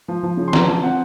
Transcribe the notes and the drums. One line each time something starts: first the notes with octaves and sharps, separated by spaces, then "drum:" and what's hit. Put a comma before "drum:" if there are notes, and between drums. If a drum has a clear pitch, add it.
F3
F3
C#3
C6
F3 A#5, drum: snare
F3 A5
C4 F#5